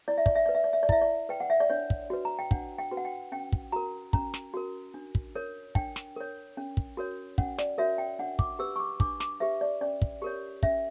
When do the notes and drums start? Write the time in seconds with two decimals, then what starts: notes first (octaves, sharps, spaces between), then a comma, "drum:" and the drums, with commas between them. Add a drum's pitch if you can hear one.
0.08 E4 D5
0.18 E5
0.26 D5, drum: kick
0.35 E5
0.46 B4 D5
0.55 E5
0.64 D5
0.73 E5
0.83 D5
0.89 E4 E5, drum: kick
1.01 D5
1.29 B4 G5
1.40 F#5
1.50 E5
1.60 D5
1.70 D4 C#5
1.90 drum: kick
2.10 F#4 B4
2.25 A#5
2.39 G5
2.51 D4 F#5, drum: kick
2.79 G5
2.91 F#4 B4
2.97 F#5
3.05 G5
3.32 C#4 G5
3.52 drum: kick
3.72 F#4 A#4 A#5
4.13 C#4 A#5, drum: kick
4.34 drum: snare
4.54 F#4 A#4
4.94 D4
5.15 drum: kick
5.35 A#4 C#5
5.75 D4 G5, drum: kick
5.96 drum: snare
6.16 A#4 C#5
6.57 C#4
6.77 drum: kick
6.97 F#4 A#4 C#5
7.38 C#4 F#5, drum: kick
7.58 D5, drum: snare
7.78 F#4 A#4 C#5 E5
7.98 G5
8.19 D4 F#5
8.39 D6, drum: kick
8.59 G4 B4 E6
8.76 C#6
8.80 D6
9.00 D4 D6, drum: kick
9.20 D6, drum: snare
9.40 G4 B4 E5
9.61 D5
9.81 C#4 D5
10.02 drum: kick
10.22 G4 A#4 C#5
10.63 C#4 E5, drum: kick